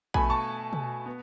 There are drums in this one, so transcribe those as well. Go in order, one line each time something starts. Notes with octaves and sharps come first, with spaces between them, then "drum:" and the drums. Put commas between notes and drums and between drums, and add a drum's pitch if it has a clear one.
B2 A3 G#5 B5, drum: kick A#1
A5 C#6
drum: tom
B3